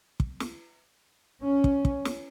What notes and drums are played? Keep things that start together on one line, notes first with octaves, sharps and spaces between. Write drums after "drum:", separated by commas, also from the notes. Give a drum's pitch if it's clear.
drum: kick
drum: snare
C#4
drum: kick
drum: kick
drum: snare